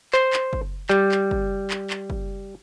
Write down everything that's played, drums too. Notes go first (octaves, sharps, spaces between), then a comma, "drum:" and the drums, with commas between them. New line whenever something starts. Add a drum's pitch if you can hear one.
C5, drum: clap
drum: clap
drum: kick
G3, drum: clap
drum: clap
drum: kick
drum: clap
drum: clap
drum: kick